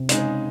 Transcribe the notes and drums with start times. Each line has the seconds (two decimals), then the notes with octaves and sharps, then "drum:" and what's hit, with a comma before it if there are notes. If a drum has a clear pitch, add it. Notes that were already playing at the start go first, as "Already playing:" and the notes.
Already playing: C3
0.09 C#3 G#3 D#4, drum: hi-hat